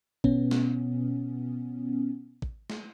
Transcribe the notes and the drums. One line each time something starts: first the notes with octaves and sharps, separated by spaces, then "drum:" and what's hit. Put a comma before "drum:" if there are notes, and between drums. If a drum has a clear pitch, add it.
B2 B3 C#4, drum: kick
drum: snare
drum: kick
drum: snare